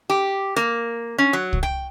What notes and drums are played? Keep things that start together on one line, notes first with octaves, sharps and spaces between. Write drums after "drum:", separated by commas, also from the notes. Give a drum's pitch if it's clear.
G4
A#3, drum: rim click
C#4
F#3
drum: kick C2
G5